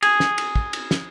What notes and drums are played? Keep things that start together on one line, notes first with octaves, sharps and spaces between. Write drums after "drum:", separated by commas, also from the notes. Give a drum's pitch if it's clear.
G#4, drum: cymbal
drum: snare
drum: cymbal
drum: kick
drum: cymbal
drum: snare